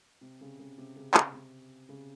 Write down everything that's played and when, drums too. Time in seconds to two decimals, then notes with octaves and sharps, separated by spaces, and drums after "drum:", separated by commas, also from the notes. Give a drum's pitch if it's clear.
0.21 C3
0.41 C#3
0.59 C#3
0.78 C3
0.96 C#3
1.14 C#3, drum: clap
1.33 C3
1.89 C#3